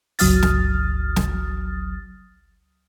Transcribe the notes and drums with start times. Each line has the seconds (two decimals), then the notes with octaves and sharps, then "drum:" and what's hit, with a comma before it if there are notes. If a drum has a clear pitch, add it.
0.19 G1 C#2 F#3 D#6 F6 A6, drum: open hi-hat
0.42 drum: snare
1.16 drum: snare